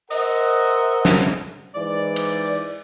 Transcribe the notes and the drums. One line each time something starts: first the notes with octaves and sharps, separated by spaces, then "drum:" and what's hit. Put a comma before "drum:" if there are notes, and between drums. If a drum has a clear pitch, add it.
A#4 C5 D#5 E5 F#5, drum: open hi-hat
drum: snare
G#2 E3 D5
drum: cymbal